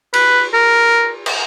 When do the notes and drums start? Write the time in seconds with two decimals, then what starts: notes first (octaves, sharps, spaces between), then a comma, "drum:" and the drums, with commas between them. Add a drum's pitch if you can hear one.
0.14 B4, drum: cymbal
0.54 A#4
1.26 drum: cymbal